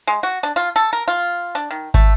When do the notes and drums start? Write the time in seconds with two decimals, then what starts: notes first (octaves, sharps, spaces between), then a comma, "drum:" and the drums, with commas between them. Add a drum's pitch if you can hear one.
0.07 G#3
0.23 F#4
0.43 D4
0.56 F4
0.76 A4
0.93 A#4
1.08 F4
1.55 D4
1.71 D#3
1.94 A3, drum: kick